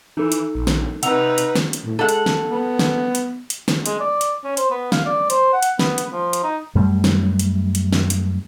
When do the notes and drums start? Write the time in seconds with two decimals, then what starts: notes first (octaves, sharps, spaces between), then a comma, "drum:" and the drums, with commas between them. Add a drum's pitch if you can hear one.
0.17 E3 D#4 A4
0.32 drum: hi-hat
0.55 A#1
0.67 drum: snare
1.03 C3 D#4 B4 F#5 E6 F7, drum: hi-hat
1.38 drum: hi-hat
1.56 drum: snare
1.73 drum: hi-hat
1.85 A2
1.99 G#3 A4 F#5
2.09 drum: hi-hat
2.26 drum: snare
2.50 B3
2.79 drum: snare
3.15 drum: hi-hat
3.50 drum: hi-hat
3.68 drum: snare
3.86 G#3, drum: hi-hat
4.00 D5
4.21 drum: hi-hat
4.44 C#4
4.57 C5, drum: hi-hat
4.71 B3
4.92 F5, drum: snare
5.06 D5
5.30 C5, drum: hi-hat
5.53 F#5
5.62 drum: hi-hat
5.79 B3, drum: snare
5.98 drum: hi-hat
6.12 F3
6.33 drum: hi-hat
6.43 D#4
6.75 F#2 G3 A3
7.04 drum: snare
7.39 drum: hi-hat
7.75 drum: hi-hat
7.93 drum: snare
8.10 drum: hi-hat